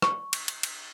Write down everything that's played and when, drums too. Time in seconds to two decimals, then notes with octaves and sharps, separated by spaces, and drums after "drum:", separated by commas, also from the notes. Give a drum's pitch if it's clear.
0.02 C#6, drum: rim click
0.33 drum: cymbal
0.48 drum: cymbal
0.63 drum: cymbal